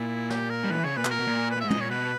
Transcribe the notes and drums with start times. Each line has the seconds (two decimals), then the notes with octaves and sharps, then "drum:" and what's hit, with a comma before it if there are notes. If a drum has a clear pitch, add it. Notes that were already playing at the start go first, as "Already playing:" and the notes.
Already playing: A#2 E4
0.30 G4, drum: snare
0.50 A#4
0.64 G3
0.71 E3 B4
0.84 C#3 C#5
0.97 A#2 B4
1.05 B2, drum: clap
1.11 A#2 A#4
1.19 B2
1.27 A#2
1.51 B4
1.56 A#2
1.61 G#2 E5
1.70 D#5, drum: tom
1.77 A#2 C#5
1.90 B2 B4